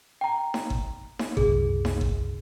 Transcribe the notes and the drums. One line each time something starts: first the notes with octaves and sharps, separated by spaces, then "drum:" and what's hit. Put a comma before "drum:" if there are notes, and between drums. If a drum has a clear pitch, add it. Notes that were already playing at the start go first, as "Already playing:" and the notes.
G5 A#5
drum: snare D#4
drum: kick G1
drum: snare D#4
F#1 C2 G#4, drum: kick G1
drum: snare D#4
drum: kick G1